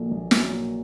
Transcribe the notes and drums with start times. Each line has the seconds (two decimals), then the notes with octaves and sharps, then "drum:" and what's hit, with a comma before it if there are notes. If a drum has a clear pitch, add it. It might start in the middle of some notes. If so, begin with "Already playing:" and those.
Already playing: A#1 A#2 F#3 A4
0.11 A#1
0.31 F#3, drum: snare
0.51 A#2